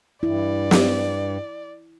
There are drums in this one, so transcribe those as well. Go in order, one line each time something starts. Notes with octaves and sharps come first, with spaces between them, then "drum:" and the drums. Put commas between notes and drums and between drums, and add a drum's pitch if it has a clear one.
G2 E4 D5
drum: snare